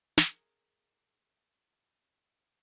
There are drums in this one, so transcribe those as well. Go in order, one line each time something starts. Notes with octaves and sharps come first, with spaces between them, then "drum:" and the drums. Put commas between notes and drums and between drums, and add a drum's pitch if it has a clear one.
G#4 A#4, drum: snare